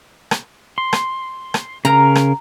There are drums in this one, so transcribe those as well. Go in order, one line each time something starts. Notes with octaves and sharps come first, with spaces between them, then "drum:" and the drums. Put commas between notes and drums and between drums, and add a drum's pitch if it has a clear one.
drum: rim click
C6
drum: rim click
drum: rim click
C#3 A#4 A#5
drum: rim click